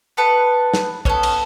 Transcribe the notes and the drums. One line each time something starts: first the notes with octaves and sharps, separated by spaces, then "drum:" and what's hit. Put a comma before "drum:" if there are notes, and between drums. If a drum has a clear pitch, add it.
B3 A4 B4
drum: snare
B3 C#4 A4 C#5, drum: kick
drum: cymbal